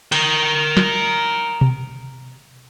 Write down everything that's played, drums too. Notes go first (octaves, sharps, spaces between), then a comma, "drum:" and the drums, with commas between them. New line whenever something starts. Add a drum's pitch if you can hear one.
A#4 G5, drum: cymbal
drum: snare
drum: tom B2